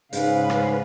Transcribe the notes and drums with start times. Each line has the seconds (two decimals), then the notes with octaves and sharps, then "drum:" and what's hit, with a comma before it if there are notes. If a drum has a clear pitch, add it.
0.13 G#2 C#3 B4 F5, drum: hi-hat
0.50 drum: rim click